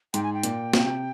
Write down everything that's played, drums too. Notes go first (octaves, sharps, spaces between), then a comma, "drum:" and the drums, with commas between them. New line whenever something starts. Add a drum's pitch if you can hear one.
G#2 G5, drum: hi-hat
G#5
G5
A#2, drum: hi-hat
C3, drum: snare